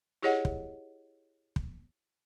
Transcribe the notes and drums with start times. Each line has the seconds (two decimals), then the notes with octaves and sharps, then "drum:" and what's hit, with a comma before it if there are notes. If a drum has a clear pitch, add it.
0.22 E4 G4 G#4 C#5 D#5 F#5
0.45 drum: kick
1.56 drum: kick